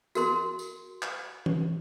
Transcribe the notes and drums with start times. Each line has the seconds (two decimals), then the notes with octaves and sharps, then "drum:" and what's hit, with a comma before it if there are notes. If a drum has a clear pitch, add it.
0.15 F#4 A#4 C6, drum: tambourine
0.59 drum: tambourine
1.03 drum: clap
1.46 drum: tom E3